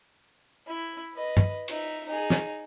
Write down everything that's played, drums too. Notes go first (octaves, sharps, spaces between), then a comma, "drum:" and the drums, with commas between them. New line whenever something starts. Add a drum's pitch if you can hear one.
E4
B4 D#5
drum: tom
D#4 E5, drum: cymbal
D#4 G#4
drum: snare